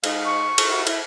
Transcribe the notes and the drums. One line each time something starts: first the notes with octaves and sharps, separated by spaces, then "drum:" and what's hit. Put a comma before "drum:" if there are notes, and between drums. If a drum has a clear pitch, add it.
G#3 D#4 F5, drum: cymbal
C#6
drum: cymbal
E4 F#4 G4
E4, drum: cymbal